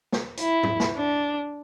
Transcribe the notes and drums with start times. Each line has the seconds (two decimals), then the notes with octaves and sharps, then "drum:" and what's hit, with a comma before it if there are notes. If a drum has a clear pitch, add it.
0.12 drum: snare
0.37 E4, drum: hi-hat
0.63 drum: tom G#2
0.80 drum: snare
0.95 D4